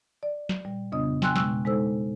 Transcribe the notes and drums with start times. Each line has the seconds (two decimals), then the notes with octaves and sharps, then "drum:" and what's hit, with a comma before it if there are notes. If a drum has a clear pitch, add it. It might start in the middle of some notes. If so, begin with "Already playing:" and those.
0.23 D5
0.49 drum: snare
0.65 A#2 G3
0.92 F2 C#3 B3 D4 D#5 D#6
1.22 G5 G#5 C6 E6 F#6, drum: snare
1.36 B2 G#3 C#6 E6 F#6, drum: snare
1.65 G#3 D#4 A4 C5 E6